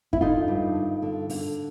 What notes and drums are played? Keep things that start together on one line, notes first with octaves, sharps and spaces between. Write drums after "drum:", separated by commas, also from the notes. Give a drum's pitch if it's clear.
E4, drum: kick F2
D3 D#4 F4
G2
G2
D3
D3, drum: open hi-hat